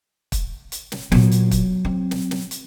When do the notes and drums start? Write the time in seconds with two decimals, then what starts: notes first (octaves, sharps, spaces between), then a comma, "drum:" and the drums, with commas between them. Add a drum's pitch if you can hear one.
0.32 drum: kick, hi-hat
0.72 drum: hi-hat
0.92 drum: snare
1.12 A#2 F#3 B3, drum: snare
1.32 drum: hi-hat
1.51 drum: kick, hi-hat
1.85 C4
2.11 drum: snare
2.31 drum: snare
2.51 drum: hi-hat